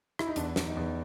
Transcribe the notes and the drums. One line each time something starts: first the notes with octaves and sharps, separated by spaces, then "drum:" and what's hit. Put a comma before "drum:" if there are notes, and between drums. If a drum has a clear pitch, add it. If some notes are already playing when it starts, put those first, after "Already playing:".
E4, drum: rim click
D#4
E2 D4, drum: hi-hat
E2, drum: snare
D#4
E2